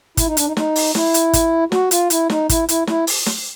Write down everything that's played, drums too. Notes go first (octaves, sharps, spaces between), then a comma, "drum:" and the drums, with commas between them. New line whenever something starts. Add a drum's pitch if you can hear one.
E4, drum: kick, hi-hat
D#4
D4, drum: hi-hat
D#4
D#4, drum: snare
drum: open hi-hat
E4, drum: snare
drum: hi-hat
drum: kick, hi-hat
F#4, drum: snare
F4, drum: hi-hat
E4, drum: hi-hat
D#4, drum: snare
E4, drum: kick, hi-hat
E4, drum: hi-hat
E4, drum: snare
drum: open hi-hat
drum: snare